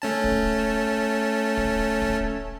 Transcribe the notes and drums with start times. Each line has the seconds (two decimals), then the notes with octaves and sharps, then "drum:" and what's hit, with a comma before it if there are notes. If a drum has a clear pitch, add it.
0.02 A3 C#4 A5
0.24 drum: kick
1.57 drum: kick
2.02 drum: kick